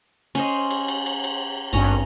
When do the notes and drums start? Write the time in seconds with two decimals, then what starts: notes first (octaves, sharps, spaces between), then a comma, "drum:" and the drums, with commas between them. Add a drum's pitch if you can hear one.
0.35 C#4 C5 D#5, drum: cymbal
0.71 drum: cymbal
0.88 drum: cymbal
1.06 drum: cymbal
1.24 drum: cymbal
1.73 G#1 G2 C#4 A#5